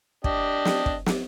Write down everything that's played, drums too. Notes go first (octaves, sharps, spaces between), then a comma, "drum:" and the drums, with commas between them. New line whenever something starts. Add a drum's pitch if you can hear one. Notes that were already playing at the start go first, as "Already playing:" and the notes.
D4 G4 D#5, drum: kick
drum: snare
drum: kick
drum: snare